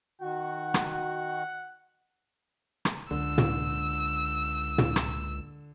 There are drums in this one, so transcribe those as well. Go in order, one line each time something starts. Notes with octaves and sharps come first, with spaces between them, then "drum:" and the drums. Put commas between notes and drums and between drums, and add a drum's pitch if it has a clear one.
D#3 F#4 F#5
drum: rim click
drum: rim click
C#2 D3 E6
drum: tom
drum: tom
drum: rim click